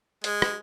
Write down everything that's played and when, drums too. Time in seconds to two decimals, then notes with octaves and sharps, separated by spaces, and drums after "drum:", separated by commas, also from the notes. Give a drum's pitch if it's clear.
0.24 G#3, drum: hi-hat
0.42 drum: rim click